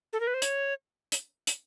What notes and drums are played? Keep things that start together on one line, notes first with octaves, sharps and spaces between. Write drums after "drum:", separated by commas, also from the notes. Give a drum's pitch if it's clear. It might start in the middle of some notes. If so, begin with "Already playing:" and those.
A4
A#4
B4
C5
C#5, drum: hi-hat
drum: hi-hat
drum: hi-hat